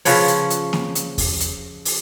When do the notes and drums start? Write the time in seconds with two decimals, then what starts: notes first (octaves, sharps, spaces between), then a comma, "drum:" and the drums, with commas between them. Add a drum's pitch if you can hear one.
0.05 C#3 F3 B4 C#5, drum: open hi-hat
0.28 drum: hi-hat
0.50 drum: hi-hat
0.73 drum: snare A#3
0.95 drum: hi-hat
1.18 drum: kick E2, open hi-hat
1.40 drum: hi-hat
1.85 drum: open hi-hat